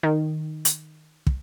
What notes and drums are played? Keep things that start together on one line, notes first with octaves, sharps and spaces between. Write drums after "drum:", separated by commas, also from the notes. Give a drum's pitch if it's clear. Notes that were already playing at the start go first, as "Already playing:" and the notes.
D#3
drum: hi-hat
drum: kick